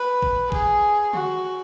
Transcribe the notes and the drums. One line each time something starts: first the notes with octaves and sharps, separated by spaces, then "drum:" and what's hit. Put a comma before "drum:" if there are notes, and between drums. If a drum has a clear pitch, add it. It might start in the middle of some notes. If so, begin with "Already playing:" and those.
Already playing: B4
drum: kick
G#4, drum: kick
F#4, drum: tom D3